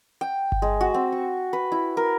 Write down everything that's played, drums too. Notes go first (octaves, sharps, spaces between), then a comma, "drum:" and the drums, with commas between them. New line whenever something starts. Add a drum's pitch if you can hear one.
G5
drum: kick G1
G#3
F#4
C4
C#6
B4
E4
A#4